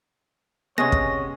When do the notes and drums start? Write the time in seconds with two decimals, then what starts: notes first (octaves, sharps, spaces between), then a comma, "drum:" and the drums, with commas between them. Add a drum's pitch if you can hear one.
0.78 C3 G#3 B3 C#4 C#5 A#6
0.92 drum: kick